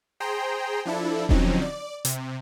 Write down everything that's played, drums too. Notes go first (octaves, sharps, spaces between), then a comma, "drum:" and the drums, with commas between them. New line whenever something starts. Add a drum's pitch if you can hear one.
G#4 C5 G5 A#5 C6
F3 D4 E4 A4
D3 F3 F#3 C4 C#4 D#4, drum: kick E1
D5
C3, drum: hi-hat